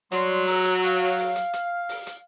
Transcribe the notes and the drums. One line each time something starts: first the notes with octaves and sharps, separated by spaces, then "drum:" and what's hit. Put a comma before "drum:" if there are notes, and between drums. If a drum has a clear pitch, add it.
F#3 G3 D5 C6, drum: hi-hat
A#5 E6, drum: open hi-hat
drum: hi-hat
F5, drum: hi-hat
drum: open hi-hat
drum: hi-hat
drum: hi-hat
drum: open hi-hat
drum: hi-hat